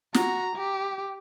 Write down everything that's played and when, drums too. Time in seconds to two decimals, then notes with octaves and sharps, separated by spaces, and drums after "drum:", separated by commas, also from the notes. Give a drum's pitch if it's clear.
0.14 F#4 A#5, drum: snare
0.56 G4